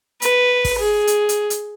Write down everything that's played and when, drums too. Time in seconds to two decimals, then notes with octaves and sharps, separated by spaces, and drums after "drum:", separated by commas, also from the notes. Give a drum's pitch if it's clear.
0.22 B4, drum: hi-hat
0.65 drum: kick, open hi-hat
0.79 G#4
1.07 drum: hi-hat
1.29 drum: hi-hat
1.50 drum: hi-hat